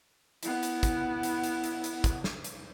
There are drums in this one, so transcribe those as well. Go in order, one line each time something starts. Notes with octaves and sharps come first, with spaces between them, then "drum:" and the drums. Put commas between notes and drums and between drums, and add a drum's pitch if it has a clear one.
B3 E4, drum: hi-hat
drum: hi-hat
drum: kick, hi-hat
drum: hi-hat
drum: hi-hat
drum: hi-hat
drum: hi-hat
drum: kick, hi-hat
drum: snare
drum: hi-hat